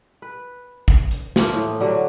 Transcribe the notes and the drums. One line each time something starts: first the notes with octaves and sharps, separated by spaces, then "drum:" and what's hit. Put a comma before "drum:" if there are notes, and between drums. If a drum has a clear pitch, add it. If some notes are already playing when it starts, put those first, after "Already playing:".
B4
drum: kick
drum: hi-hat
E3 F3 A#3, drum: snare
A2
D3 F#3 G3